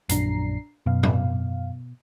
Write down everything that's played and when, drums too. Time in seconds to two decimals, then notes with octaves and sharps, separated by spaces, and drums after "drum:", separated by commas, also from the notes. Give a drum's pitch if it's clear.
0.09 A#1 F#2 D4 A#5 C7, drum: hi-hat
0.86 F#2 B2 F5
1.03 drum: tom G#2